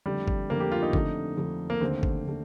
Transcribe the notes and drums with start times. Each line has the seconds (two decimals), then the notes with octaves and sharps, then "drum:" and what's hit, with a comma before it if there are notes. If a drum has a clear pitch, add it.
0.06 F2 D3 G3 A3
0.28 drum: kick G1
0.50 F2 D3 A3 A#3
0.60 G4
0.72 F4
0.82 D#4
0.93 F2 D3 A3, drum: kick G1
1.37 F2 D3 A3
1.70 A#3
1.81 D#2 D3 A3 C4
2.03 drum: kick G1
2.27 D3 A3